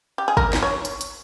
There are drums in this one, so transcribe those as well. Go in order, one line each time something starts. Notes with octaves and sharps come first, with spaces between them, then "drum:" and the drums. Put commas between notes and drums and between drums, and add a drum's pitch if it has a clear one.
G4
G#4
A#4, drum: kick
drum: snare
C#5
drum: hi-hat
drum: hi-hat